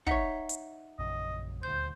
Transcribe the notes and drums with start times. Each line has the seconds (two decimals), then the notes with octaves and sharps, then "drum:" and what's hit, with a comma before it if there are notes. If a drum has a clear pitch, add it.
0.07 D#4 C#5 E5 F#5, drum: kick
0.49 drum: hi-hat
0.99 A#1 F#2 C#3 D#5
1.63 D#1 D2 C5 G6